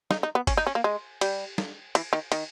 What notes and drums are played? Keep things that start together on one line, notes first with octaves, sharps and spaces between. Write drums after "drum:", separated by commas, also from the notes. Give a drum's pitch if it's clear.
D#4, drum: snare
D#4
B3
C#4, drum: kick G1, cymbal
D#4
C#4
A#3
G#3
G3, drum: cymbal
drum: snare
E3, drum: cymbal
D#3
D#3, drum: cymbal